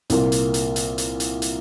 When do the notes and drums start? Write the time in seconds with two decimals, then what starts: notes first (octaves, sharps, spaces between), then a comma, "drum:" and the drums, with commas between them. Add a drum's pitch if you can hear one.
0.10 C2 A#2 A#3 F4, drum: hi-hat
0.32 drum: hi-hat
0.54 drum: hi-hat
0.76 drum: hi-hat
0.98 drum: hi-hat
1.20 drum: hi-hat
1.42 drum: hi-hat